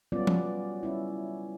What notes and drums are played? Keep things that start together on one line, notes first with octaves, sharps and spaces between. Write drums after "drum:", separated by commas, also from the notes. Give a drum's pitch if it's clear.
F#3 G3 B3 C#4 F4 D5
drum: tom F3
G3 C#4 E4